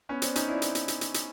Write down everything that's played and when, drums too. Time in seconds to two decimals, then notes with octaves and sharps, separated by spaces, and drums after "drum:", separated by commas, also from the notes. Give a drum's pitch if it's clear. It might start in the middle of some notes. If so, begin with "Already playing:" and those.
0.09 B3 C#4
0.22 C4 D4, drum: hi-hat
0.36 C#4 D#4, drum: hi-hat
0.48 D4 E4
0.62 drum: hi-hat
0.75 drum: hi-hat
0.88 drum: hi-hat
1.01 drum: hi-hat
1.14 drum: hi-hat